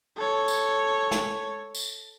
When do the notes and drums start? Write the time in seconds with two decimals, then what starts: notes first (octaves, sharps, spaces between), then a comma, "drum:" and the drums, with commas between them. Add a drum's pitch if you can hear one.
0.16 A4 C#5
0.48 drum: tambourine
1.11 drum: snare
1.75 drum: tambourine